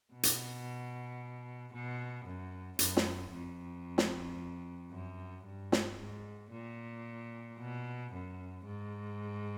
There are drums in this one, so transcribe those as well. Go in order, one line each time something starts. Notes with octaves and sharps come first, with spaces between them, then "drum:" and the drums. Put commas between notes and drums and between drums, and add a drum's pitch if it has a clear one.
B2
drum: hi-hat
B2
F#2
F#2, drum: hi-hat
drum: snare
F2
drum: snare
F#2
G2
drum: snare
G#2
A#2
B2
F#2
G#2